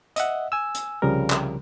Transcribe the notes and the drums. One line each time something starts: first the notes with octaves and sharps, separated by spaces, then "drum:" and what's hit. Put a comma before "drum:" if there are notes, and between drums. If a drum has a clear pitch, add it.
D#5 E5 F#5, drum: hi-hat
G#5 E6
drum: hi-hat
C2 C#3 F3 G3 A#4
drum: clap